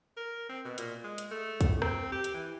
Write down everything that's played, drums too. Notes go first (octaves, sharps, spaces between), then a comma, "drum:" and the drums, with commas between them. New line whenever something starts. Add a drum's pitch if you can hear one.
A#4
C4
B2
A#2, drum: hi-hat
G#3
drum: hi-hat
A3
drum: kick, hi-hat
C4, drum: rim click
G4
drum: hi-hat
E3